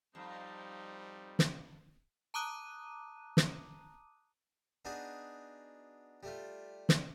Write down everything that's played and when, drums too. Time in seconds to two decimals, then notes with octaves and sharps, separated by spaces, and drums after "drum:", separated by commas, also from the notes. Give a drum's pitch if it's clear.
0.15 F2 G3 D#4 C5
1.39 drum: snare
2.34 A5 A#5 D6 D#6 F#6 D#7
3.37 drum: snare
4.85 B3 D4 D#4 F#4 G#4
6.23 G3 A3 F4
6.89 drum: snare